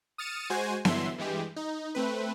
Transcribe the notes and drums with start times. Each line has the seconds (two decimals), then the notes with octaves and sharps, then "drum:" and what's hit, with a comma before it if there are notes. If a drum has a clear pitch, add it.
0.18 D#6 F6 A6 C#7 D#7 E7
0.50 G#3 F#4 C5 G#5
0.85 G2 D3 E3 F#3 E5 C6, drum: snare B3
1.18 G2 E3 G#3 G4
1.56 D#4
1.95 A3 C4 B4